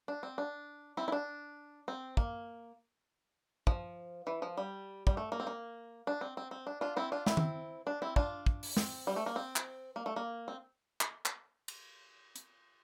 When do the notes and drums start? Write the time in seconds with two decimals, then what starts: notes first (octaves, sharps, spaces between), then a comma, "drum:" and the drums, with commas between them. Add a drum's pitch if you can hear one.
0.08 D4
0.23 C4
0.38 D4
0.97 C4 E4
1.08 E4
1.12 D4
1.88 C4
2.17 A#3, drum: kick
3.67 F3, drum: kick
4.27 E3
4.42 F3
4.57 G3
5.07 G3, drum: kick
5.17 A3
5.32 A#3
5.40 C4
5.47 A#3
6.07 D4
6.21 C4
6.37 C4
6.51 C4
6.67 D4
6.81 D4 F4
6.96 C4 E4
7.12 D4 F4
7.27 C4 E4, drum: snare
7.37 drum: tom D#3
7.87 D4
8.02 C4 E4
8.16 D4 F4, drum: kick
8.46 drum: kick
8.63 drum: open hi-hat
8.77 C4, drum: snare
9.07 G3
9.16 A3
9.26 A#3
9.36 C4
9.56 drum: clap
9.96 A#3
10.06 A3
10.16 A#3
10.48 C4
11.01 drum: clap
11.25 drum: clap
11.68 drum: cymbal
12.36 drum: hi-hat